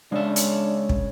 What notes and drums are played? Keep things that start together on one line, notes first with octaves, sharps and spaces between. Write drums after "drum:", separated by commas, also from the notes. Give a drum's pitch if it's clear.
C#3 G#3 D4 E5
drum: hi-hat
drum: kick